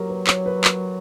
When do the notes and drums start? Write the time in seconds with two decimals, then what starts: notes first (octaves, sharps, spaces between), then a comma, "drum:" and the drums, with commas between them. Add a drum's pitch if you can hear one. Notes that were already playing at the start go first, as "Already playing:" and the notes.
Already playing: F#3 G4 A#4
0.09 B4
0.27 C#5, drum: clap
0.46 B4
0.64 drum: clap